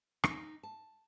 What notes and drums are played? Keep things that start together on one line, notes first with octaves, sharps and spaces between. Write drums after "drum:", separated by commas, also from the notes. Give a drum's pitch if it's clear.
D#4, drum: rim click
A5